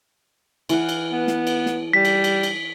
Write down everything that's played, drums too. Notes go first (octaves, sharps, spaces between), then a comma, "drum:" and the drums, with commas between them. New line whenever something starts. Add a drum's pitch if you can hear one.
E3 F5 F#5, drum: cymbal
drum: cymbal
B3
drum: snare
drum: cymbal
drum: snare
G3 B6
drum: cymbal
drum: cymbal
drum: cymbal